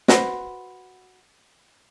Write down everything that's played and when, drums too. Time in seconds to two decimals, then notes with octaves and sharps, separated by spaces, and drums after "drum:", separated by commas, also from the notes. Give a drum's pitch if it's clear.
0.08 F#4 B4 C5, drum: snare